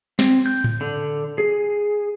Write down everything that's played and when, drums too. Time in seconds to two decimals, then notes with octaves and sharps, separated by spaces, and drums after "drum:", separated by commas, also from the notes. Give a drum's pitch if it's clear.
0.19 C4, drum: snare
0.46 G6
0.64 drum: tom A2
0.81 D3
1.38 G#4